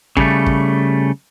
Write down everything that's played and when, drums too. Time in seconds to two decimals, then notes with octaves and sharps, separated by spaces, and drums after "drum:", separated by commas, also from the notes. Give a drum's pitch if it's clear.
0.17 C#3 G3 A3, drum: kick
0.46 drum: kick